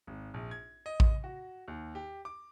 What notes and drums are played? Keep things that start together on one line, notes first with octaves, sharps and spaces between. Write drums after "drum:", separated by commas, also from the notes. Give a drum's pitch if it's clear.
G#1
A#1
G#6
D#5
drum: kick A1
F#4
D#2
G4
D6